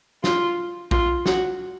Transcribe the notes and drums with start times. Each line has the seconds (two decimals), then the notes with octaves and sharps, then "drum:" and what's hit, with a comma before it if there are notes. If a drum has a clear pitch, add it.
0.24 F4, drum: snare
0.91 F4, drum: kick A#1
1.26 F#4, drum: snare